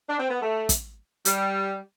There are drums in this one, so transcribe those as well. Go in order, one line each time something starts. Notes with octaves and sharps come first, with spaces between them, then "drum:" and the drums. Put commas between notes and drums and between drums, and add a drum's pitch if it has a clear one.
D4
C4
B3
A3
drum: kick, hi-hat
G3, drum: hi-hat